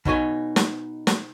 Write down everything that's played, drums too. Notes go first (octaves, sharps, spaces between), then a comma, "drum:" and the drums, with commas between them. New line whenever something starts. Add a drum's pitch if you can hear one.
B2 D#4 C#5 G#5, drum: kick
drum: snare
drum: snare